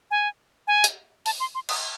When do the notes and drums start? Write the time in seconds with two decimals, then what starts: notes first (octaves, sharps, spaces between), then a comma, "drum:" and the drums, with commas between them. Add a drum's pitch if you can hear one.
0.11 G#5
0.67 G#5
0.84 drum: hi-hat
1.26 A5, drum: open hi-hat
1.40 C6
1.55 C6
1.69 D#6, drum: cymbal